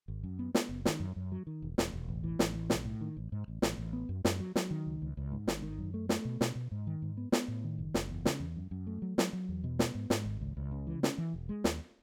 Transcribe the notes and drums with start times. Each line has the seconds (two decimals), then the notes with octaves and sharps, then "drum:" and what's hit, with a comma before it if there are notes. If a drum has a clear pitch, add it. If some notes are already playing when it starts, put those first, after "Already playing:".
0.08 G#1
0.24 F#2
0.39 B3
0.55 B3, drum: snare
0.69 F#1
0.85 D#3, drum: snare
1.00 F#2
1.16 F#2
1.32 F#3
1.47 D#3
1.62 E1
1.78 E1, drum: snare
1.93 E1
2.08 A1
2.24 E3
2.39 A1, drum: snare
2.54 E3
2.70 B1, drum: snare
2.85 A2
3.01 D#3
3.17 A1
3.32 G#2
3.48 A1
3.62 A1, drum: snare
3.78 A1
3.93 B3
4.09 F#2
4.25 F#2, drum: snare
4.40 F#3
4.56 F#3, drum: snare
4.71 D#3
4.86 C#2
5.02 C#2
5.17 C#2
5.32 G#2
5.48 G#1, drum: snare
5.62 D#3
5.78 F#2
5.94 A3
6.09 A3, drum: snare
6.25 B2
6.41 B2, drum: snare
6.55 B2
6.71 G#2
6.87 D#3
7.02 G#2
7.17 B3
7.32 B3, drum: snare
7.48 A2
7.64 D#3
7.79 F#1
7.94 F#1, drum: snare
8.10 E2
8.25 C#3, drum: snare
8.40 E2
8.56 F#2
8.71 F#2
8.87 A3
9.02 F#3
9.18 F#3, drum: snare
9.33 F#3
9.49 E2
9.64 B2
9.79 B3, drum: snare
9.95 G#2
10.10 G#2, drum: snare
10.25 G#1
10.41 C#2
10.57 C#2
10.71 C#3
10.87 E3
11.03 C#4, drum: snare
11.18 E3
11.34 E1
11.49 G#3
11.64 D#2, drum: snare